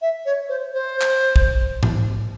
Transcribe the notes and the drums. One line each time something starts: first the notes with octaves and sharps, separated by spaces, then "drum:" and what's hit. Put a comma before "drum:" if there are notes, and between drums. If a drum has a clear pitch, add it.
E5
C#5
C5
C5
drum: clap
drum: kick
drum: tom G#2